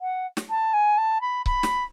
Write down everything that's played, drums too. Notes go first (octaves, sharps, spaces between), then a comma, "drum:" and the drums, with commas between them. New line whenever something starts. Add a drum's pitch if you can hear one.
F#5
drum: snare
A5
G#5
A5
B5
B5, drum: kick C#1
drum: snare